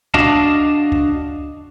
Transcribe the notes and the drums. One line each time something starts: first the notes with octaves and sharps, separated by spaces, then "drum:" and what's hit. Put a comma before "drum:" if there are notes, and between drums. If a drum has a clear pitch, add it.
D4 F#4 D#5 F5 A5, drum: kick
drum: kick